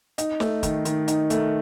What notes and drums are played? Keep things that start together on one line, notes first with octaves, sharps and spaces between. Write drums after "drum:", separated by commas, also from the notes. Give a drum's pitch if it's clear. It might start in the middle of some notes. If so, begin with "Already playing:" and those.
D#4, drum: hi-hat
A3, drum: snare
D#3, drum: kick, hi-hat
D#3, drum: hi-hat
D#4, drum: hi-hat
A3, drum: hi-hat